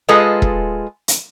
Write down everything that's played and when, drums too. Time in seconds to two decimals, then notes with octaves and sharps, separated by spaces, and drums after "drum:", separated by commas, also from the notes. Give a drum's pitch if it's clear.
0.09 G#3 F4 G#4 A4 B4 D#5
0.42 drum: kick E1
1.08 drum: hi-hat